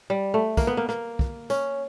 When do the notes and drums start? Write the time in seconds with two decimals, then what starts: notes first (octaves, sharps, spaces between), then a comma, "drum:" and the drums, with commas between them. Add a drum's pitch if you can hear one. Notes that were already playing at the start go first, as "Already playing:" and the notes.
0.10 G3
0.34 A3
0.57 A#3, drum: kick, tambourine
0.67 B3
0.77 A#3
0.89 A#3, drum: rim click
1.19 drum: kick
1.50 C#4, drum: tambourine